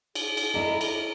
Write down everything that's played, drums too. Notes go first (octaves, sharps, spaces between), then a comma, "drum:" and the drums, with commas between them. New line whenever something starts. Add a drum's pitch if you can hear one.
G#4, drum: cymbal
drum: cymbal
D4 E4 A4 D#5 E5 A#5
drum: cymbal